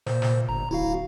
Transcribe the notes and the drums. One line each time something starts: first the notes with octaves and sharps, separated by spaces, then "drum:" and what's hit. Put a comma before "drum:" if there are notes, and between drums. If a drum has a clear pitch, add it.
A#2 C5, drum: snare
drum: snare
G1 A#5
D1 E4 F#4 F5